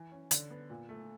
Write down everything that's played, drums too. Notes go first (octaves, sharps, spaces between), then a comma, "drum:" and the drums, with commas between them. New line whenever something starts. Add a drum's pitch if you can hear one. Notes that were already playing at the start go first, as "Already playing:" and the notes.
Already playing: E3
C#4
D3, drum: hi-hat
B3
A#2
A3